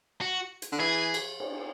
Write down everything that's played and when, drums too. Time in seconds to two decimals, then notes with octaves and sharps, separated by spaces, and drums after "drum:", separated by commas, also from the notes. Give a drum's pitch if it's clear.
0.21 F#4
0.62 drum: hi-hat
0.72 D3
0.79 E3 G#4
1.14 drum: cymbal
1.40 drum: cymbal